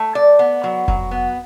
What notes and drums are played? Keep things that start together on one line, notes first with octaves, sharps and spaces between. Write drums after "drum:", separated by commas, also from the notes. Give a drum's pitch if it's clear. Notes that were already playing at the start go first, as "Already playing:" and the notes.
Already playing: A3
D5
B3
F#3
F#3, drum: kick F1
B3